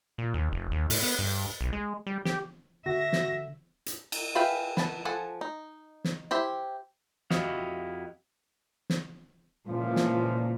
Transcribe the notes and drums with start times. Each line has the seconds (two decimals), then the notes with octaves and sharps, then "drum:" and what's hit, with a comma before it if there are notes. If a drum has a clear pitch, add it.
0.18 A#2
0.34 D#2
0.52 F1
0.72 D#2
0.90 A2, drum: open hi-hat
1.03 B3
1.19 G2
1.61 B1
1.73 G#3
2.07 G3
2.25 G4, drum: snare
2.86 D3 F#4 E5 A#6
3.13 drum: snare
3.86 drum: hi-hat
4.12 drum: cymbal
4.35 G#4 B4 E5 F5 G5
4.77 B3 A5, drum: snare
5.05 F3 A4 F#5 G#5
5.41 D#4
6.04 drum: snare
6.31 E4 G4 C5 E5
7.30 F2 E4 F#4 G4 D#5 F5, drum: snare
8.90 drum: snare
9.68 C#2 A#2 E3 F3
9.96 drum: snare